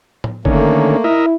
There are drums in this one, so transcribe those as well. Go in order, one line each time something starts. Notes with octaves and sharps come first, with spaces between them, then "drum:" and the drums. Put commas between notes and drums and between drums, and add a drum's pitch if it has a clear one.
drum: tom A2
D3 D#3 A3 A#3 C#4, drum: kick F#1
E4 A#4 D#5 E5